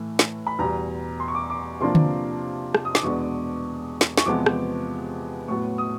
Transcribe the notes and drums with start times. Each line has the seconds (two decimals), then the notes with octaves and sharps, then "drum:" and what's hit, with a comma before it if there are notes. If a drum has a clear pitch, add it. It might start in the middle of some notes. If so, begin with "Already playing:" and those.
Already playing: A2 E3 A3
0.19 drum: snare
0.47 B5
0.59 E2 B2 G3 A#5
1.20 C6
1.28 C#6
1.35 D6
1.50 D6
1.81 C3 F3 A#3 D4 F4 C6
1.95 drum: tom D3
2.75 drum: rim click
2.85 D#6
2.95 D6, drum: snare
3.03 E2 B2 G#3 B3 D4 C#6
4.01 drum: snare
4.18 C#6, drum: snare
4.26 E2 C3 F3 G#3 B3 D6
4.46 drum: rim click
5.48 A2 F#3 B3 C#6
5.78 D#6